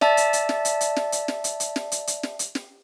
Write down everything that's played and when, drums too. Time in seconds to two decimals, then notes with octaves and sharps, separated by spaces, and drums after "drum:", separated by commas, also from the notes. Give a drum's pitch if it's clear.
0.01 D5 E5 A5, drum: snare
0.17 drum: hi-hat
0.33 drum: hi-hat
0.49 drum: snare
0.65 drum: hi-hat
0.81 drum: hi-hat
0.96 drum: snare
1.12 drum: hi-hat
1.28 drum: snare
1.44 drum: hi-hat
1.60 drum: hi-hat
1.76 drum: snare
1.92 drum: hi-hat
2.07 drum: hi-hat
2.23 drum: snare
2.39 drum: hi-hat
2.55 drum: snare